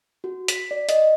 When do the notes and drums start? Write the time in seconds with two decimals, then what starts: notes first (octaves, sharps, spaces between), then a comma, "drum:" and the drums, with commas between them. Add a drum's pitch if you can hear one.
0.24 F#4
0.48 B6, drum: hi-hat
0.71 D5
0.89 D#5, drum: hi-hat